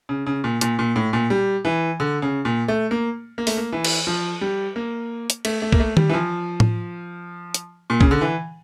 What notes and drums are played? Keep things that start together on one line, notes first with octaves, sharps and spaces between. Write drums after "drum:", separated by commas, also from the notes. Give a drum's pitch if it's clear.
C#3
C#3
A#2
A#2, drum: hi-hat
A#2
A2
A#2
G3
E3
D3
C#3
A#2
A3
A#3
A#3
A3, drum: open hi-hat
A#3
E3
drum: cymbal
F3
G3
A#3
drum: hi-hat
A3, drum: cymbal
A3
A#3, drum: kick
A3
G3, drum: tom D#3
E3
F3
drum: tom A2
drum: hi-hat
A#2
C#3, drum: kick
D3
E3